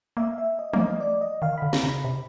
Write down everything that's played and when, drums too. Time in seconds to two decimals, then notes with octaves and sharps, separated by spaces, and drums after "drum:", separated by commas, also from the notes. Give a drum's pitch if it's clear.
0.17 A#3 E5
0.38 E5
0.59 D#5
0.74 A#3, drum: tom E3
0.79 A3 D#5
1.00 D5
1.21 D#5
1.42 D#3 F5
1.58 D3 B5
1.73 A#5, drum: snare
1.84 C#3
1.88 B5
2.04 C3